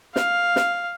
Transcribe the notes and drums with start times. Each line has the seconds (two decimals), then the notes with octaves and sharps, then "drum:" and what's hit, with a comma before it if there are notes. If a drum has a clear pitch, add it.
0.16 F5, drum: snare
0.56 drum: snare